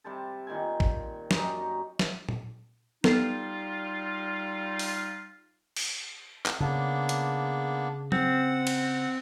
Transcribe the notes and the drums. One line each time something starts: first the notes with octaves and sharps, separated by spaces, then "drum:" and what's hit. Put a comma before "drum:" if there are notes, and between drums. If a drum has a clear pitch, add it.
C3 G3 C5 A5
A#2 D#3 G5 G#5
drum: kick A1
F#2 D#4 G4 A#5, drum: snare
drum: snare
drum: tom A#2
G3 B3 D#4 F4 A4, drum: snare
drum: open hi-hat
drum: cymbal
drum: clap
C#3 A#3 B3 D4
drum: hi-hat
C4 F#5, drum: tom
drum: cymbal